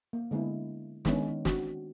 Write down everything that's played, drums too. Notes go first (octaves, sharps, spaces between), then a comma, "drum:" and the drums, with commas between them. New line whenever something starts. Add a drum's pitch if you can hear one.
A#3
D3 G#3 B3 D4 E4
D#3 G#3 B3 C#4 D4, drum: snare
C4 D4 F#4, drum: snare